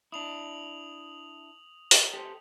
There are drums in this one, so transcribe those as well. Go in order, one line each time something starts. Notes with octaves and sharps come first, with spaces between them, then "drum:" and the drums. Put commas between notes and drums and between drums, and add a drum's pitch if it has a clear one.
D4 E4 D#6 F7 F#7
drum: open hi-hat
G4 A4 C5